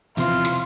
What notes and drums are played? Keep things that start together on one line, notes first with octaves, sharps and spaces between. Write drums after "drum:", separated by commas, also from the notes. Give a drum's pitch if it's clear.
E2 C3 F3 C4 E4 F4, drum: hi-hat
drum: rim click